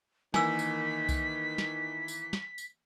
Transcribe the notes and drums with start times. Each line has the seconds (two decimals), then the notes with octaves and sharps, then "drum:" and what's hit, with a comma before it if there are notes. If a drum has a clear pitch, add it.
0.34 D#3 E3 A#3 G#5 E6 B6, drum: snare
0.59 drum: tambourine
1.09 drum: kick C2, tambourine
1.58 drum: snare
2.08 drum: tambourine
2.33 drum: snare
2.58 drum: tambourine